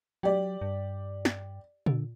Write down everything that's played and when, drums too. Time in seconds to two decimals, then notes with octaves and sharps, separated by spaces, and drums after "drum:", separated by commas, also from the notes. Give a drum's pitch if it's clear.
0.23 F#3 G4 D5
0.62 G2
1.25 drum: snare
1.86 D3, drum: tom A#2